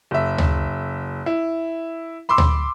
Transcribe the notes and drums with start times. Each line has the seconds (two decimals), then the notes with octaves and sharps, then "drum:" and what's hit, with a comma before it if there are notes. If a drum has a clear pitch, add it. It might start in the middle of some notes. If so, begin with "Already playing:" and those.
0.11 F#1 E5
0.38 drum: tom D2
1.26 E4
2.29 B5 C6 D6 E6
2.38 drum: tom D2